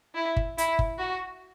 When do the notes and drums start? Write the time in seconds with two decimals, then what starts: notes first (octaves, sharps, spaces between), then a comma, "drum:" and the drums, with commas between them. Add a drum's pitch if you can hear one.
0.15 E4
0.36 drum: kick G1
0.58 E4, drum: hi-hat
0.79 drum: kick G1
0.99 F#4